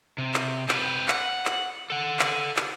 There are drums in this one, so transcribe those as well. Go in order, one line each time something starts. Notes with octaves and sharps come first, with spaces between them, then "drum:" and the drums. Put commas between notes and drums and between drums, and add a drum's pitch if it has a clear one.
C3
drum: clap
C4 B4, drum: clap
F#5, drum: clap
drum: clap
A4 F#5
drum: clap
drum: clap